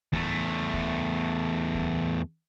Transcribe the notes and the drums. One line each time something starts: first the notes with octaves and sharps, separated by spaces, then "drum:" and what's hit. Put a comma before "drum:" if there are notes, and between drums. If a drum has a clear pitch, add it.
E2 A3, drum: kick D2
drum: kick D2
drum: kick D2